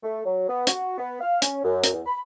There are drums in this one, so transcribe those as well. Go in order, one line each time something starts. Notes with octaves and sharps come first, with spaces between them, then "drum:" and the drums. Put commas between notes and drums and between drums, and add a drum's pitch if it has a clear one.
A3
F#3
B3
F#4, drum: hi-hat
B3
F5
C#4, drum: hi-hat
F#2
drum: hi-hat
E2
B5